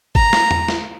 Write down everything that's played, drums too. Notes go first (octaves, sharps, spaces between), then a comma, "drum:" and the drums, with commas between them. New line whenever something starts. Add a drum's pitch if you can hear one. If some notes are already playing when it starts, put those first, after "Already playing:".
A#5, drum: kick G1
drum: snare
drum: tom E2
drum: snare